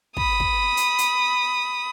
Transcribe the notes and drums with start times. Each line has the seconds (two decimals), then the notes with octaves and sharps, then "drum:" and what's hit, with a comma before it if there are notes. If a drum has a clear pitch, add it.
0.17 B5 D#6, drum: kick
0.40 drum: kick
0.77 drum: hi-hat
0.98 drum: hi-hat